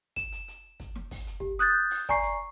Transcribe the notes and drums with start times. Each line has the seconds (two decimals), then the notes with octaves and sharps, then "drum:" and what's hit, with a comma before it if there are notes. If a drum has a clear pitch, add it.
0.16 E7, drum: kick, hi-hat
0.32 drum: hi-hat
0.48 drum: hi-hat
0.80 drum: kick, hi-hat
0.95 drum: snare
1.11 drum: kick, open hi-hat
1.27 drum: hi-hat
1.40 G4, drum: kick
1.59 D#6 F#6 G6 A6, drum: hi-hat
1.90 drum: open hi-hat
2.09 D5 G#5 A#5 C#6 C7, drum: kick, hi-hat
2.22 drum: hi-hat